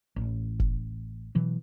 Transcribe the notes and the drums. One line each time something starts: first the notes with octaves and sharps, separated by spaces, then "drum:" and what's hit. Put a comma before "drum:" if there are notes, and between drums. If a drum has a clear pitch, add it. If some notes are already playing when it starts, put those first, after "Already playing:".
A1
drum: kick
B2 E3 F#3